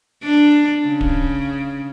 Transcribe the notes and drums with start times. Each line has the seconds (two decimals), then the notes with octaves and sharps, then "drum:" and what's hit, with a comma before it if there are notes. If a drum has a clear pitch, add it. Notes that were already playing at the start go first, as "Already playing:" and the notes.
0.23 D4
0.87 C#3
1.01 drum: kick D1